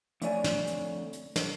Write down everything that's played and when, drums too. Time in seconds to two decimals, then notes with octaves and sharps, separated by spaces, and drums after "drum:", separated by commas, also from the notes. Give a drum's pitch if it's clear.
0.21 F2 D3 A3 C#5 D5 G#5, drum: hi-hat
0.44 drum: snare
0.67 drum: hi-hat
1.13 drum: hi-hat
1.36 drum: snare